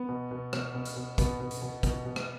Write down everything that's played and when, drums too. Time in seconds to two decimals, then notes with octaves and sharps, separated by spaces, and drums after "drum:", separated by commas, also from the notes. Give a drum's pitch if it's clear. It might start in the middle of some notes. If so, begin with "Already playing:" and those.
Already playing: B3
0.09 B2
0.31 B2
0.53 B2, drum: rim click
0.75 B2
0.85 drum: hi-hat
0.96 B2
1.18 B2 B3, drum: kick, hi-hat
1.40 B2
1.51 drum: hi-hat
1.62 B2
1.83 B2, drum: kick, hi-hat
2.05 B2
2.16 drum: rim click